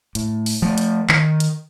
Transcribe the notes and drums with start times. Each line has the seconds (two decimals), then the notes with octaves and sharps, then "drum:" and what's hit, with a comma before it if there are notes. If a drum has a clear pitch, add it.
0.15 A2, drum: hi-hat
0.46 drum: open hi-hat
0.62 F3 A3
0.78 drum: hi-hat
1.09 D#3, drum: clap
1.40 drum: hi-hat